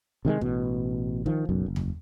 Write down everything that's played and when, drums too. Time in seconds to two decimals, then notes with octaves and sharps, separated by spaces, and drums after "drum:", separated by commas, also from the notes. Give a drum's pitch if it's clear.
0.25 C3 D#3 G3 G#3
0.41 A1 B2, drum: kick
1.26 D#3 F3, drum: kick
1.49 F#1 B1 F#2
1.66 F#1
1.76 drum: tom E2